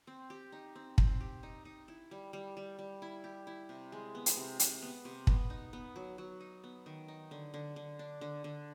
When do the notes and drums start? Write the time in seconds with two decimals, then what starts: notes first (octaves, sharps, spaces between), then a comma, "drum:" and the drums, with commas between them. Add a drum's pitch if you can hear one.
0.07 C4
0.30 G4
0.52 D#4
0.75 C4
0.98 C4, drum: kick
1.21 G4
1.43 D#4
1.65 D#4
1.88 E4
2.11 G3
2.33 G3
2.57 G3
2.79 G3
3.02 E4
3.24 G4
3.47 E4
3.69 C3
3.92 G#3
4.15 B3
4.26 drum: hi-hat
4.37 C3
4.59 C3, drum: hi-hat
4.82 B3
5.05 C3
5.27 B3, drum: kick
5.50 D#4
5.73 B3
5.96 F#3
6.18 F#3
6.40 D#4
6.64 B3
6.86 D#3
7.08 D#4
7.31 D3
7.54 D3
7.76 D3
7.99 D4
8.21 D3
8.44 D3